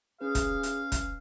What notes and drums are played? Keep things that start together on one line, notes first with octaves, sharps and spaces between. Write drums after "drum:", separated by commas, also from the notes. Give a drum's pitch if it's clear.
C#4 G#4 B4 F5
drum: kick, hi-hat
drum: hi-hat
drum: kick, hi-hat